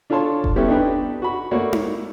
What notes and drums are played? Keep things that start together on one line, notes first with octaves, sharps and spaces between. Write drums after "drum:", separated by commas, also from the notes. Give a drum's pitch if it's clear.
D4 F4 A4 C#5 A5 C6
drum: kick F1
G3 B3 C#4 E4 A4
D4 D#4 G4 B4
F#4 B5
A3 A#3 F#4 C#5 D5
drum: tom D#4